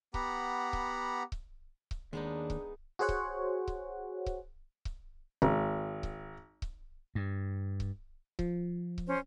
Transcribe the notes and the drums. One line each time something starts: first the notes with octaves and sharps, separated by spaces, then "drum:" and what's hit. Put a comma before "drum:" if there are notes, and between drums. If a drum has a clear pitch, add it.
B3 G4 F#5 A#5 B5, drum: kick C#1
drum: kick C#1
drum: kick C#1
drum: kick C#1
D#2 G#3 B3 D4 D#4
drum: kick C#1
F#4 G#4 C5 C#5 F#5
drum: kick C#1
drum: kick C#1
drum: kick C#1
drum: kick C#1
G#1, drum: kick C#1
drum: kick C#1
drum: kick C#1
G2
drum: kick C#1
F3, drum: kick C#1
drum: kick C#1
C#4 C5